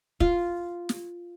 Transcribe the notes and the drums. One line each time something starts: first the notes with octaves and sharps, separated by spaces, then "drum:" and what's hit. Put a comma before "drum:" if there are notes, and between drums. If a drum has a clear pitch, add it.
F4, drum: kick
drum: snare